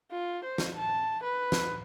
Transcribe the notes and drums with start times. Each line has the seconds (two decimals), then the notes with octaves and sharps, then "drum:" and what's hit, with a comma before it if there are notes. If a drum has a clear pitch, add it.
0.12 F4
0.44 C5
0.58 drum: snare
0.75 A5
1.23 B4
1.52 drum: snare